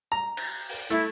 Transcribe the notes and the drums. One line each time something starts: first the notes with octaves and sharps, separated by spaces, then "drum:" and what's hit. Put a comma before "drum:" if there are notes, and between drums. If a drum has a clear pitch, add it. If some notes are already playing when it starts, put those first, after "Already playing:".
A#5
drum: cymbal
drum: open hi-hat
A3 E4, drum: hi-hat